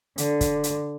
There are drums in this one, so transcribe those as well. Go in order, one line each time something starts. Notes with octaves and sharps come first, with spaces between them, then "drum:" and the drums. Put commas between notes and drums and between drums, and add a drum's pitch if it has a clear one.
D3, drum: hi-hat
drum: kick, hi-hat
drum: hi-hat